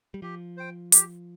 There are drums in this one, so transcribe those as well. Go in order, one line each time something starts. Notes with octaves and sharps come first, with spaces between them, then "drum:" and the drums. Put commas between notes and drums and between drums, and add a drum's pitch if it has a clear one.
G3
F3 G4
C5 G5
G4, drum: hi-hat